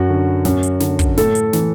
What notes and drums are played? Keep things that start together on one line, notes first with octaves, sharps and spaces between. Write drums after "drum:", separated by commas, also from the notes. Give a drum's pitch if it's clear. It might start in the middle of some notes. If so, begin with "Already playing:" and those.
Already playing: F#2 F#4
D3
F#2, drum: snare
drum: hi-hat
D3, drum: snare
drum: kick, hi-hat
A2 A4, drum: snare
drum: hi-hat
E3, drum: snare